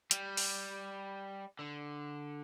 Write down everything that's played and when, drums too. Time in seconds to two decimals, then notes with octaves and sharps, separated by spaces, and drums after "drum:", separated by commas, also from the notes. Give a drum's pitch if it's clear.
0.11 G3, drum: hi-hat
0.37 drum: open hi-hat
1.59 D3